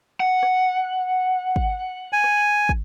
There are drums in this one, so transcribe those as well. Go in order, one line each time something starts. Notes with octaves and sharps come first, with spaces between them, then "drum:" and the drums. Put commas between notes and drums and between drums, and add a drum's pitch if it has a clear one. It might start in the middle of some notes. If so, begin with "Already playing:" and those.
F#5
drum: rim click
drum: kick
G#5
drum: rim click
drum: kick